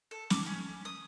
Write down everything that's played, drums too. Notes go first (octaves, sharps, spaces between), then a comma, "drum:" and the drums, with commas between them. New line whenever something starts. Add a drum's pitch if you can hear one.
A4
D6, drum: snare
C#4
D#6